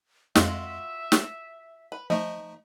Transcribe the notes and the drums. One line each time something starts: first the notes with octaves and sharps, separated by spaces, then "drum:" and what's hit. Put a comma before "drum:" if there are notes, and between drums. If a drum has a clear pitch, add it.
F2 G#3 F4 F#4 E5, drum: snare
drum: snare
B4
F3 A3 D#4 D#5